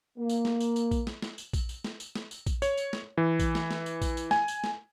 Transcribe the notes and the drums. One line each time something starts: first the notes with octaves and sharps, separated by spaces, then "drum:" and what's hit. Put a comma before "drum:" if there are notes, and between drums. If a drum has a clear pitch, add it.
A#3
drum: tambourine
drum: snare
drum: tambourine
drum: tambourine
drum: kick A#1, tambourine
drum: snare
drum: snare
drum: tambourine
drum: kick A#1, tambourine
drum: tambourine
drum: snare
drum: tambourine
drum: snare
drum: tambourine
drum: kick A#1, tambourine
C#5, drum: tambourine
drum: tambourine
drum: snare
E3
drum: kick A#1, tambourine
drum: snare
drum: snare
drum: tambourine
drum: kick A#1, tambourine
drum: tambourine
G#5, drum: snare
drum: tambourine
drum: snare